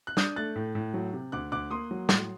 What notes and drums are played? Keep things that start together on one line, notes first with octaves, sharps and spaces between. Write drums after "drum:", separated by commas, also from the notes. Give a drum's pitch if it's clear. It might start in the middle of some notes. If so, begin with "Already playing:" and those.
F#6
D4 D#6 G6, drum: snare
A3 F#6 A6
A2
A2
F#3
C3
D2 D6 F#6
D2 D6 F#6
A#3 C6 D#6
F#3
A2, drum: snare